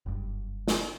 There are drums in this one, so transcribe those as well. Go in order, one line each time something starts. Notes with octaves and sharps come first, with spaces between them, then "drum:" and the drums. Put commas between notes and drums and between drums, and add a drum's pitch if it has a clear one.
F#1 G2
drum: snare